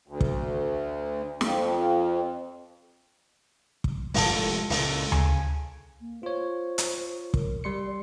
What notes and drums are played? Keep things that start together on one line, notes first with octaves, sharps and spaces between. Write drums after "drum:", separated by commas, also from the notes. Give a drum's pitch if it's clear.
D2
drum: kick
F2, drum: snare
drum: kick
F1 E2 G#3 F4 A4, drum: open hi-hat
C#2 A#2, drum: open hi-hat
C#3 G#5, drum: tom D2
A#3
F4 C5 C#5
drum: hi-hat
A#4, drum: kick
G3 D5 C6 C#7